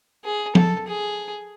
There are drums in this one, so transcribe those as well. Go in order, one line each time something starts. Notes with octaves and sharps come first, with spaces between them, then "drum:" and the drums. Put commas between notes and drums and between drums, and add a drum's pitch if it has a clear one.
G#4
A4, drum: tom
G#4